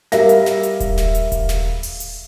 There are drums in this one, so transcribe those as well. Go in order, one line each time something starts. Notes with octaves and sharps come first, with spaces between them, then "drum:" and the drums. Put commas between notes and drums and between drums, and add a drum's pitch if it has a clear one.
G3 A#4 E5 F5 A#6, drum: snare
drum: hi-hat
drum: snare
drum: hi-hat
drum: kick D#1, hi-hat
drum: snare
drum: hi-hat
drum: kick D#1, hi-hat
drum: snare
drum: open hi-hat
drum: hi-hat